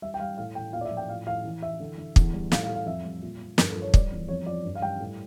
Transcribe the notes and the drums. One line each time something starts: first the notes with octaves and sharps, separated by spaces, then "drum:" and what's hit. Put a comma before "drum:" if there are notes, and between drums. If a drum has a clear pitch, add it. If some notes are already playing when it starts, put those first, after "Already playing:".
G3 E5
G5
G3 F5
A2 F5
A2 G5
A#2 F5
D5
E5
F3
G5
A2 F5
A2 F5
E3
E3 E5
D3
D3
E2, drum: kick
G3
A2 F5, drum: snare
F5
A2
F5
F2 E5
G3
A#2
A#2
G2 A#4, drum: snare
A4
F3
C#5
G3 D5, drum: kick
E2
F2 C#5
F3 D5
G2
F5
G3 G5
A2